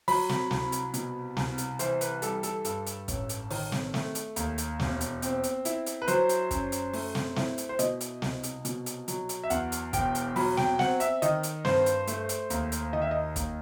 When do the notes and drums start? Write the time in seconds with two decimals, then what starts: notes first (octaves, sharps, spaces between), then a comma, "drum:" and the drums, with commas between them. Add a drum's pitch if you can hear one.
0.08 F#3 B5, drum: open hi-hat
0.29 drum: snare
0.51 C2, drum: snare
0.72 drum: hi-hat
0.94 B2, drum: hi-hat
1.37 C2, drum: snare
1.58 drum: hi-hat
1.79 E3 C5, drum: hi-hat
2.01 B4, drum: hi-hat
2.22 G3 A4, drum: hi-hat
2.43 A4, drum: hi-hat
2.65 G2 A4, drum: hi-hat
2.86 drum: hi-hat
3.08 A1, drum: kick, hi-hat
3.29 drum: hi-hat
3.50 D#3, drum: open hi-hat
3.72 drum: snare
3.94 A3, drum: snare
4.15 drum: hi-hat
4.36 D#2, drum: hi-hat
4.58 drum: hi-hat
4.80 E1, drum: snare
5.01 drum: hi-hat
5.22 C4, drum: hi-hat
5.43 drum: hi-hat
5.65 E4, drum: hi-hat
5.86 drum: hi-hat
6.02 B4
6.08 F#3 C5, drum: hi-hat
6.29 drum: hi-hat
6.51 F#2, drum: kick, hi-hat
6.72 drum: hi-hat
6.93 A3, drum: open hi-hat
7.15 drum: snare
7.36 E4, drum: snare
7.58 drum: hi-hat
7.69 C5
7.79 B2 D#5, drum: hi-hat
8.01 drum: hi-hat
8.22 C2, drum: snare
8.43 drum: hi-hat
8.65 B2, drum: hi-hat
8.86 drum: hi-hat
9.08 F#3, drum: hi-hat
9.29 drum: hi-hat
9.44 E5
9.50 E2 F#5, drum: hi-hat
9.72 drum: hi-hat
9.93 E1 G5, drum: kick, hi-hat
10.15 drum: hi-hat
10.36 F#3 B5, drum: open hi-hat
10.57 G5, drum: snare
10.79 C4 F#5, drum: snare
11.00 E5, drum: hi-hat
11.22 D#3 D#5, drum: hi-hat
11.43 drum: hi-hat
11.65 G2 C5, drum: snare
11.86 drum: hi-hat
12.07 A3, drum: hi-hat
12.29 drum: hi-hat
12.50 D#2, drum: hi-hat
12.72 drum: hi-hat
12.93 D#3 D#5
13.02 E5
13.11 D#5
13.36 D#2, drum: kick, hi-hat